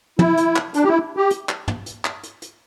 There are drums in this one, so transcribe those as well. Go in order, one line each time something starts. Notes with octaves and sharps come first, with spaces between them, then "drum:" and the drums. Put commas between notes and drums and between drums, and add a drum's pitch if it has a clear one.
E4, drum: tom
drum: hi-hat
drum: clap
D4, drum: hi-hat
G4
E4
G4
drum: hi-hat
drum: clap
drum: tom
drum: hi-hat
drum: clap
drum: hi-hat
drum: hi-hat